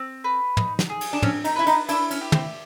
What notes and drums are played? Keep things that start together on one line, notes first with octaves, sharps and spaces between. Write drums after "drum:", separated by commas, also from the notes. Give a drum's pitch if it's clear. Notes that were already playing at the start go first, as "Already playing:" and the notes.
Already playing: C4
B4
D#4, drum: tom
drum: snare
G#4
drum: cymbal
D4
C4 C#4, drum: tom
D#4, drum: cymbal
E4 B4
D#4, drum: cymbal
D4 E4, drum: cymbal
C#4, drum: cymbal
G4
C4, drum: tom